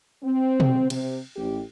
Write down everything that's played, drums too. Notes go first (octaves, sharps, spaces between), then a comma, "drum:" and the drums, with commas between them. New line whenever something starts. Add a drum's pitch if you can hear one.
C4
drum: tom B2
C3, drum: cymbal
A1 G4